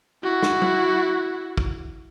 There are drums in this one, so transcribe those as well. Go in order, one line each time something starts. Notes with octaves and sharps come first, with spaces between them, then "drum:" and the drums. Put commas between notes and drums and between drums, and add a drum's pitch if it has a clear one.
E4 F#4
drum: snare
drum: tom
drum: kick